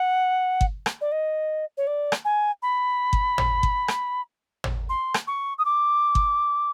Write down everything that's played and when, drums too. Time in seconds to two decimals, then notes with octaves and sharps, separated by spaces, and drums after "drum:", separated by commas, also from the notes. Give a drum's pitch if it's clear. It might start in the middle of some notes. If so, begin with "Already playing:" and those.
Already playing: F#5
0.61 drum: kick G1
0.86 drum: rim click
1.01 D5
1.12 D#5
1.77 C#5
1.87 D5
2.12 drum: rim click
2.25 G#5
2.62 B5
3.13 drum: kick G1
3.38 drum: tom
3.63 drum: kick G1
3.88 drum: rim click
4.64 drum: tom
4.89 C6
5.14 drum: rim click
5.27 C#6
5.58 D#6
5.65 D6
6.15 drum: kick G1